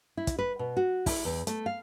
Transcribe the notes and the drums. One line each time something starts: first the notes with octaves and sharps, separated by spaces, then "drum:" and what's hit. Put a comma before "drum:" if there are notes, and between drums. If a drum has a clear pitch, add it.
E4
drum: kick, hi-hat
B4
B2
F#4
E4, drum: kick, open hi-hat
E2
A3, drum: hi-hat
F5